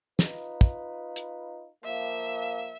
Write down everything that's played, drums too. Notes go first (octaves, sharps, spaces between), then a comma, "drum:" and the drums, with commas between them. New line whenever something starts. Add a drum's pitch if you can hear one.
D#4 F4 B4, drum: snare
drum: kick
drum: hi-hat
F3 A#3 E5